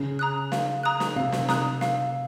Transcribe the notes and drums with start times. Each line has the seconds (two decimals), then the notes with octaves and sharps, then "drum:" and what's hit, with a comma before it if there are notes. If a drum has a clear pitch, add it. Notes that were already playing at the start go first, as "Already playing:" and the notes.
Already playing: C#3
0.19 A#5 D#6 F#6
0.52 F5, drum: snare
0.83 A#5 D#6 F#6
1.00 drum: snare
1.16 C3 F5
1.32 drum: snare
1.49 A#5 D#6 F#6, drum: snare
1.81 F5, drum: snare